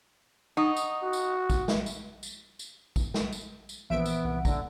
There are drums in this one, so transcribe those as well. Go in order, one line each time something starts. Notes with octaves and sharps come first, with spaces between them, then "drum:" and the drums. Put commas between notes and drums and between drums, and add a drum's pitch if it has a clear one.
D#4 F#5 C#6 D#6
drum: tambourine
F#4
drum: tambourine
drum: kick A#1, tambourine
drum: snare
drum: tambourine
drum: tambourine
drum: tambourine
drum: kick A#1, tambourine
drum: snare
drum: tambourine
drum: tambourine
A#1 E3 B3 C5 E5 D7
drum: tambourine
C2 F#5
D3 A#5, drum: kick A#1, tambourine